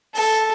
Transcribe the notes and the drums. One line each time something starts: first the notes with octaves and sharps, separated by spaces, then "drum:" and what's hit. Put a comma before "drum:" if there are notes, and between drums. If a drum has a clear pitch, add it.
A4, drum: open hi-hat